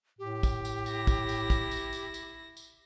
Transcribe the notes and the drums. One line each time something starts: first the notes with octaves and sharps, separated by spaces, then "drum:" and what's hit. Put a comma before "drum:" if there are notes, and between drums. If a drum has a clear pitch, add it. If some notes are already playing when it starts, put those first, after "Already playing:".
A2 G4
drum: kick, tambourine
drum: tambourine
E4 A#6, drum: tambourine
drum: kick, tambourine
drum: tambourine
drum: kick, tambourine
drum: tambourine
drum: tambourine
drum: tambourine
drum: tambourine